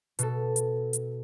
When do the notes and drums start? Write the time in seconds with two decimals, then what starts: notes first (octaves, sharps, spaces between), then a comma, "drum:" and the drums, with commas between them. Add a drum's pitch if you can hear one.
0.19 B2 A4, drum: hi-hat
0.56 drum: hi-hat
0.93 drum: hi-hat